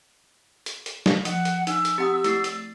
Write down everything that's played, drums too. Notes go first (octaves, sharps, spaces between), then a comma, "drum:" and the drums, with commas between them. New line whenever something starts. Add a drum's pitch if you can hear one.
drum: hi-hat
drum: hi-hat
drum: snare
F3 F#5, drum: hi-hat
drum: hi-hat
D#4 E6, drum: hi-hat
drum: hi-hat
C4 G4 F#5 D#6
A3 E4 A6 C7, drum: hi-hat
drum: hi-hat